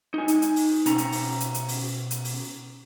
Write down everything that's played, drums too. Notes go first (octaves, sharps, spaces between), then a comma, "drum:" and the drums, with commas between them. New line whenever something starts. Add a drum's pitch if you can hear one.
D#4 G#5
drum: hi-hat
drum: hi-hat
drum: open hi-hat
B2 C#4 A#5, drum: hi-hat
drum: hi-hat
drum: open hi-hat
drum: hi-hat
drum: hi-hat
drum: open hi-hat
drum: hi-hat
drum: open hi-hat